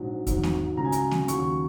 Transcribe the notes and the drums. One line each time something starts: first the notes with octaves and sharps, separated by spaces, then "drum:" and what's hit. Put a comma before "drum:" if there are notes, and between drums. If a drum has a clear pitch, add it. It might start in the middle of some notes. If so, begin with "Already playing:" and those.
Already playing: A#1 G#2 F#3
G#1 G#2 F#3, drum: kick E2, hi-hat
drum: snare A#3
C#2 C#3 F#3 A#5
G#5
A#5, drum: hi-hat
drum: snare A#3
D#2 C#3 F#3 C#6, drum: hi-hat